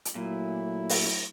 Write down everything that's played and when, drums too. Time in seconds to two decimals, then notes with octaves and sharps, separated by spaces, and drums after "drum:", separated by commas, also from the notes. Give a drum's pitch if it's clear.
0.05 drum: hi-hat
0.15 A#2 F#3 A3 E4
0.89 drum: open hi-hat